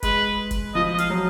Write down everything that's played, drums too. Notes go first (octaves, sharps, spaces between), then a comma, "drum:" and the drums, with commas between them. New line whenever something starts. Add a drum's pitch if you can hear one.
G#3 B4, drum: kick, hi-hat
drum: kick, hi-hat
F3 D#5
D#5
F5, drum: hi-hat
F#3